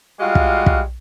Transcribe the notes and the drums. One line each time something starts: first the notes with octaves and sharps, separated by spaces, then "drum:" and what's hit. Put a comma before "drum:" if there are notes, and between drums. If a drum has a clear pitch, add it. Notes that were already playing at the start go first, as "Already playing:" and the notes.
G3 G#3 F4 F#4 F5
drum: kick
drum: kick